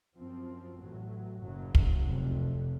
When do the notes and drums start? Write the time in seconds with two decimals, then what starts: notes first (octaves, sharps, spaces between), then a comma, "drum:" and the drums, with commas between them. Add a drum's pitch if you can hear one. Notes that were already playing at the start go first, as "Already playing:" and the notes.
0.16 F#2 F3 C4
0.79 A1 A2 F#3
1.41 F#1 F#2 C#3 F#3
1.75 drum: kick
2.04 F1 F2 C3